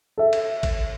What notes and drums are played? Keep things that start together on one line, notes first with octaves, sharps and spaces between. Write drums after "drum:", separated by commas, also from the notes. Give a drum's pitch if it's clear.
A4 E5
drum: cymbal
drum: kick G#1, cymbal